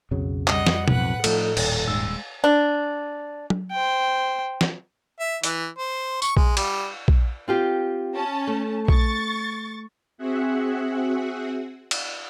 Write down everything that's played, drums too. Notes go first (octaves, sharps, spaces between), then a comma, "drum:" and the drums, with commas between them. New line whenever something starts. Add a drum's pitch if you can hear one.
B1 F2 C#3 F#3
G3 D#5 F#5, drum: clap
drum: snare
B1 F2 A2 B4 F#5, drum: tom B2
F3 A3 D#4 A4, drum: cymbal
D#1, drum: cymbal
G#2 G#3 E6
D4
drum: tom
C5 G5
drum: snare
E5
E3, drum: hi-hat
C5
C#6, drum: tambourine
G#3, drum: kick A#1
G3, drum: cymbal
drum: kick A#1
C4 F4 G4
C#4 A5
A3
C#6 A6, drum: kick A#1
C4 F#4 G#4 E5 F#5
drum: cymbal